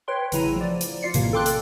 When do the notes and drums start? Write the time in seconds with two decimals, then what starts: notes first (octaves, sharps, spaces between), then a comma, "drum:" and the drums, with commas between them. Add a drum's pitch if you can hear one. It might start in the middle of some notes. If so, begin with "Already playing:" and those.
0.08 B4 C#5 G5 C6
0.32 A1 C#3 F#3 E4 A#5 D#7, drum: hi-hat
0.56 F3 D5
0.81 drum: hi-hat
1.02 F4 D5 C7 C#7
1.14 A#1 F#2 A2 C3 D#3 A#3, drum: hi-hat
1.33 A4 G5 C6 D6 F#6
1.46 drum: hi-hat